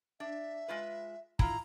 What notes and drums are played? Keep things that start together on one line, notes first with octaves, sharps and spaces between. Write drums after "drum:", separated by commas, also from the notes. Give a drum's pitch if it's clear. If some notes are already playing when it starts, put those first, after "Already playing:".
D4 E5
G#3 F4 B4
E4 F4 A#5, drum: kick